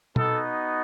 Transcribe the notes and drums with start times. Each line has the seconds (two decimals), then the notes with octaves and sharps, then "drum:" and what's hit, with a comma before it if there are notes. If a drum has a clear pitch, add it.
0.16 B3 D#4 F#4 A4, drum: tom B2